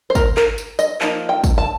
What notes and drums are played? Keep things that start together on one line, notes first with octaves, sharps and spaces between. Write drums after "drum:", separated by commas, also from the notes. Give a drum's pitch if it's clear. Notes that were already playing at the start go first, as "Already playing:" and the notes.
C5
A#4, drum: kick, tambourine
A#4, drum: clap
drum: tambourine
D#5, drum: tambourine
F3 A#3 D#4, drum: clap
G5
drum: kick, tambourine
A5